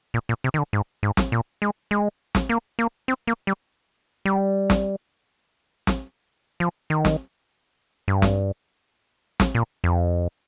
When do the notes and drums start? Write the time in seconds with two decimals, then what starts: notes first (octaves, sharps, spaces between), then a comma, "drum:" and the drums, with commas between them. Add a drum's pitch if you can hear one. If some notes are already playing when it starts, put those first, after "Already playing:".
0.14 A#2
0.29 A#2
0.44 C3
0.54 D#3
0.58 D3
0.73 G#2
1.03 G#2
1.17 drum: snare
1.32 A#2
1.62 G#3
1.91 G#3
2.35 drum: snare
2.49 A#3
2.79 A#3
3.08 C4
3.27 A#3
3.47 G3
4.25 G3
4.70 drum: snare
5.87 drum: snare
6.60 F3
6.90 D#3
7.05 drum: snare
8.08 G2
8.22 drum: snare
9.40 drum: snare
9.55 A#2
9.84 F2